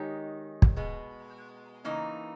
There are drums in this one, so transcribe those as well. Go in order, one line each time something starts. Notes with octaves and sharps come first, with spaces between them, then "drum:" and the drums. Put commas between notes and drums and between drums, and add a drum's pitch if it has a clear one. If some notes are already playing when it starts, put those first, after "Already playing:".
Already playing: D#3 G#3 D#4 G4 C#5
drum: kick
B2 G#3 B3
C#3 E3 A#3 D#4